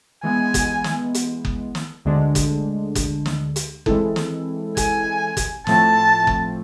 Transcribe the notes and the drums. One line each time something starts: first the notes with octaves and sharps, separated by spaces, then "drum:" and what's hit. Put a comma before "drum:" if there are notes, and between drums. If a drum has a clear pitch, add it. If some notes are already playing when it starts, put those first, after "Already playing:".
E3 G#3 B3 G#5
drum: kick F#1, hi-hat
drum: snare
drum: hi-hat
drum: kick F#1
drum: snare
D2 D3 G#3 D4
drum: kick F#1, hi-hat
drum: kick F#1, hi-hat
drum: snare
drum: hi-hat
E3 G#3 C4 E4 A4, drum: kick F#1
drum: snare
G#5, drum: kick F#1, hi-hat
drum: kick F#1, hi-hat
A2 F3 A3 C4 A5, drum: snare
drum: kick F#1